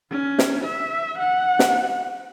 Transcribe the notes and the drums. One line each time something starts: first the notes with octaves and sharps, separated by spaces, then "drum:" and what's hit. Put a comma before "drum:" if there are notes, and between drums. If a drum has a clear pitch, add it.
C#4
drum: snare
E5
F#5
drum: snare